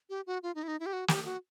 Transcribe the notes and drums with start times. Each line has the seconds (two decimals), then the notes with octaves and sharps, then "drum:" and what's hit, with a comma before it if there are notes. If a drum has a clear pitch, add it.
0.10 G4
0.27 F#4
0.43 F4
0.55 D#4
0.63 E4
0.68 D#4
0.80 E4
0.86 G4
0.93 F#4
1.08 G4, drum: snare
1.25 F#4